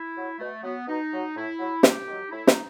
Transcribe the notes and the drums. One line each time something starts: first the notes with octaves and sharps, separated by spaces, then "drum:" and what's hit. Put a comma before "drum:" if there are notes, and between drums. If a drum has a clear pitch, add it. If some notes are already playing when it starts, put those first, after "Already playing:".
Already playing: E4
F#3
B2 A3
F#3 B3
B2 D#4
F#3
A2 E4
F#3
C3 G4, drum: snare
D#3 F#3
D#4
A2 E4
D#4, drum: snare